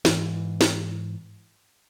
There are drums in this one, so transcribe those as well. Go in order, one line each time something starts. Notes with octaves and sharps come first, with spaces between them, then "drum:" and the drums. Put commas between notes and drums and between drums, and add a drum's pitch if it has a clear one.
G#2 E3, drum: snare
drum: snare